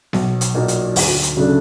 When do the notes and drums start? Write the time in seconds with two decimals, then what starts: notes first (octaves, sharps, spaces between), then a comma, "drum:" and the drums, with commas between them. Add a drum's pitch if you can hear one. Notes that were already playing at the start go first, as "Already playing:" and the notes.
0.13 B1, drum: snare B3
0.41 drum: hi-hat
0.55 A#2 F#3 A#3 D#4
0.68 drum: hi-hat
0.96 D2, drum: open hi-hat
1.23 drum: hi-hat
1.37 C#3 F#3 A3 D4